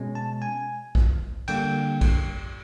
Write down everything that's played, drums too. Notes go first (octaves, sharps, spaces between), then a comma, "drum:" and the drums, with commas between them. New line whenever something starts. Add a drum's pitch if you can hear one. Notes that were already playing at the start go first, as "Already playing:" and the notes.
Already playing: B2 G#3 C#4
A5
G#5
drum: kick A#1
D3 G3 A#3 G5, drum: cymbal
drum: kick A#1, cymbal